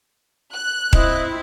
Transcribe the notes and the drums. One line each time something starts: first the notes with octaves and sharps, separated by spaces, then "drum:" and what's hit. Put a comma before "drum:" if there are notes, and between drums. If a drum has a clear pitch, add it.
F#6
C4 E4 D#5, drum: kick D#1